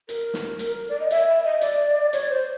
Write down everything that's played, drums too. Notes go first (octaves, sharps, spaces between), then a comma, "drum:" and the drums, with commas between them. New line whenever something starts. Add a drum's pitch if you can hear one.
A#4, drum: hi-hat
drum: snare
drum: hi-hat
D5
D#5
E5, drum: hi-hat
E5
D#5
D5, drum: hi-hat
C#5, drum: hi-hat
C5